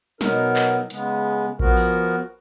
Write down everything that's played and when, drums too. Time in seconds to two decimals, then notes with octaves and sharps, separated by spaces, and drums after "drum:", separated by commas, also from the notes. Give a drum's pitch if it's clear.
0.21 B2 F#3 B3 D#4 A#4, drum: snare
0.56 drum: clap
0.90 C#3 G#3 B3, drum: hi-hat
1.59 F3 B3 F#4 A#4, drum: kick A1
1.77 drum: open hi-hat